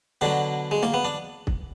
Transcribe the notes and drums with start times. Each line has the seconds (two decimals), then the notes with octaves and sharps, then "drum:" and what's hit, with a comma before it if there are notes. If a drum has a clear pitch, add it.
0.21 B2 D3 F#3 D4
0.71 G#3
0.83 A#3, drum: snare
0.94 B3
1.05 D4
1.47 drum: kick